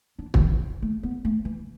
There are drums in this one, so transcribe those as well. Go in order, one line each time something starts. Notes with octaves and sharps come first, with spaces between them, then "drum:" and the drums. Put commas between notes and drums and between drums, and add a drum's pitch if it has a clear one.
D4
D3, drum: kick
E3
A3
B3
A3
E3